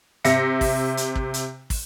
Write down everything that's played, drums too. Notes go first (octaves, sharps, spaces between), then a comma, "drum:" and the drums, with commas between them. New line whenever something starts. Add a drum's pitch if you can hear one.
C3 E5 A#6 C#7, drum: hi-hat
drum: kick, open hi-hat
drum: hi-hat
drum: kick
drum: hi-hat
drum: kick, open hi-hat